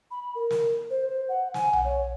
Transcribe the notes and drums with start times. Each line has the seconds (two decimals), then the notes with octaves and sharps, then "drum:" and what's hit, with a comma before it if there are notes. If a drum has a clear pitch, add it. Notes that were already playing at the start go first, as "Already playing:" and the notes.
0.11 B5
0.35 A#4
0.50 drum: snare
0.90 C5
1.08 C5
1.29 F#5
1.54 G#5, drum: snare
1.73 F#5, drum: tom B1
1.85 C#5